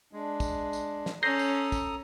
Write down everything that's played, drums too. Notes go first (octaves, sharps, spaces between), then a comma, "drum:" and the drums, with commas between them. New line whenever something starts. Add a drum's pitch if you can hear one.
G#3 D4
drum: kick, tambourine
drum: tambourine
drum: snare
C#4 A4 A#5 D#6 G6 A#6 C7
drum: tambourine
drum: kick, tambourine